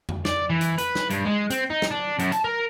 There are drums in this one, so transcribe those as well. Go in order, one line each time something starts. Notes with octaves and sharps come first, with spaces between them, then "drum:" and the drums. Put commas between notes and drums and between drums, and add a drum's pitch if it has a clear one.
drum: tom F2
D5, drum: snare
E3
drum: hi-hat
B4, drum: hi-hat
drum: snare
G2, drum: hi-hat
G#3
C4, drum: hi-hat
D#4
drum: snare
D4
F#2, drum: hi-hat
A5, drum: hi-hat
A#4